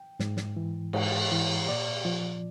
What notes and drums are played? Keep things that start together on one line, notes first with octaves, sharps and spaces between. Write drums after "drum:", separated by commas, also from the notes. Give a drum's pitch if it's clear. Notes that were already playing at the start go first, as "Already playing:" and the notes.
Already playing: G5
G#2, drum: snare
drum: snare
E3
G#2, drum: cymbal
E3
A#2 D5
F3